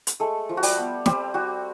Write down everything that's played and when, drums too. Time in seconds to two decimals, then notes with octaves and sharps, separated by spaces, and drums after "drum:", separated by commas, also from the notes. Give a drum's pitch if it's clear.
0.07 drum: hi-hat
0.20 G#3 A3 A4
0.49 F3
0.57 F#4
0.63 G3 G4, drum: open hi-hat
0.78 B3
1.06 G3 C4 G4, drum: snare
1.34 G3 F#4